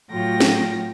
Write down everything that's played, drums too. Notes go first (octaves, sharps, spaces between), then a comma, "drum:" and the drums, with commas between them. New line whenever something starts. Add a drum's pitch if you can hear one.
A2 F#3 F4 G5 A#6
drum: snare